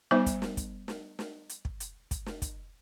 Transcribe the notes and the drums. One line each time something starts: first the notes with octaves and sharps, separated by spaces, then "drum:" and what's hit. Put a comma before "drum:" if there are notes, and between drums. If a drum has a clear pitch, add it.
G3 B3 D#4 C5 E5 D6
drum: kick, hi-hat
drum: snare
drum: kick, hi-hat
drum: snare
drum: snare
drum: hi-hat
drum: kick
drum: hi-hat
drum: kick, hi-hat
drum: snare
drum: kick, hi-hat